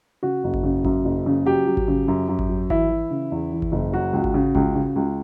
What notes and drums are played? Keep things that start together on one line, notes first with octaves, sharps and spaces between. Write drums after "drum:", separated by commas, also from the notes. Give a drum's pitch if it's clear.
C#3 F#4
F#1
drum: kick G#1
C#3
F#2, drum: kick G#1
F#1
C#3
F#3 G4
F#3
drum: kick G#1
C#3
F#2
F#2
drum: kick G#1
F#3
E3 E4, drum: kick G#1
E3
C#3
E2
E3
drum: kick G#1
F#1
F#3 F#4
C#2
drum: kick G#1
C#3
C#2, drum: kick G#1
C#3
C#2